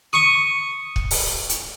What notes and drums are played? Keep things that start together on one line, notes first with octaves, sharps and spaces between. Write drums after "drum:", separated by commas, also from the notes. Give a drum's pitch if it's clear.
C#6 D#6
drum: kick
drum: open hi-hat
drum: hi-hat